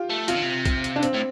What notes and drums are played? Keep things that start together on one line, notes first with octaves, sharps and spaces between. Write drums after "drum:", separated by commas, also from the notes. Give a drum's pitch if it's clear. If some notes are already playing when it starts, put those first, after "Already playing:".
Already playing: F4 G4
A3
C3 F4, drum: hi-hat
D3
C3
drum: kick, hi-hat
drum: hi-hat
D4
C4, drum: hi-hat
A2